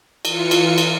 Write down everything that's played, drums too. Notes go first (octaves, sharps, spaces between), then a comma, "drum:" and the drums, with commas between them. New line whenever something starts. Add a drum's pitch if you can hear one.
E3 F4 C#7, drum: cymbal
drum: cymbal
drum: cymbal